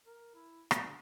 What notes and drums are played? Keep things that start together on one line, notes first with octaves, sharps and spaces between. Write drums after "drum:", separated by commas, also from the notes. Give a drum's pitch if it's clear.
A#4
E4
D4, drum: rim click